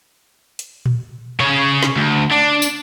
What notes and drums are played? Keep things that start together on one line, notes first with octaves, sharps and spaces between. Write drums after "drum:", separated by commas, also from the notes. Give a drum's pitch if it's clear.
drum: hi-hat
drum: tom A#2
C#3 C#5
drum: snare
D2
D4
drum: tambourine